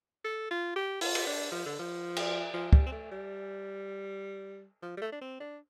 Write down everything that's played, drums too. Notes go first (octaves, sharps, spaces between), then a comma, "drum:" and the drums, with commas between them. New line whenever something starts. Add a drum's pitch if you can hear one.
A4
F4
G4
F4, drum: open hi-hat
drum: cymbal
D4
F3
D3
F3
drum: cymbal
F3
G3, drum: kick
C4
A3
G3
F3
G3
A3
D4
C4
D4